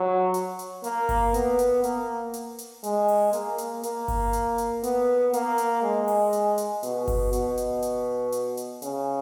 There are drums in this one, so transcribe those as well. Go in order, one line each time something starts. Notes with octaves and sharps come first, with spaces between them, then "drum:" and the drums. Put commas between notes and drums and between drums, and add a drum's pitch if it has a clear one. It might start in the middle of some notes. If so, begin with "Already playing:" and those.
Already playing: F#3
drum: hi-hat
drum: hi-hat
A#3, drum: hi-hat
drum: kick G1, open hi-hat
B3, drum: hi-hat
drum: hi-hat
A#3, drum: hi-hat
drum: hi-hat
drum: hi-hat
G#3, drum: hi-hat
drum: open hi-hat
A#3, drum: hi-hat
drum: hi-hat
A#3, drum: hi-hat
drum: kick G1, open hi-hat
drum: hi-hat
drum: hi-hat
B3, drum: hi-hat
A#3, drum: hi-hat
drum: hi-hat
G#3
drum: open hi-hat
drum: hi-hat
drum: hi-hat
B2, drum: hi-hat
drum: kick G1, open hi-hat
B2, drum: hi-hat
drum: hi-hat
drum: hi-hat
drum: hi-hat
drum: hi-hat
C#3, drum: hi-hat